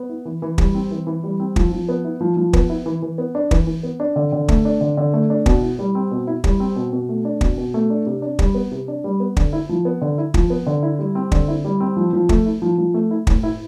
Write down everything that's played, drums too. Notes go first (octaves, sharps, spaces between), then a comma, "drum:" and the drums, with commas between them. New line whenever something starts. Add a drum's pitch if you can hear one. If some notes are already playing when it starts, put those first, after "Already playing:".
Already playing: B3
E4
E3
E3
G3, drum: kick
C4
E3
E3
G3
C4
F3, drum: kick
F3
B3
E4
F3
F3
B3, drum: kick
E4
E3
E3
B3
D4
E3, drum: kick
E3
B3
D4
D3
D3
A3, drum: kick
D4
D3
D3
A3
D4
B2, drum: kick
E4
G3
C4
B2
E4
G3, drum: kick
C4
B2
B2
A3
D4
B2, drum: kick
B2
A3
D4
C3
D4
G3, drum: kick
B3
C3
D4
G3
B3
D3, drum: kick
E4
F3
B3
D3
E4
F3, drum: kick
B3
D3
E4
G3
C4
D3, drum: kick
E4
G3
C4
F3
F3
A3, drum: kick
E4
F3
F3
A3
E4
A2, drum: kick
E4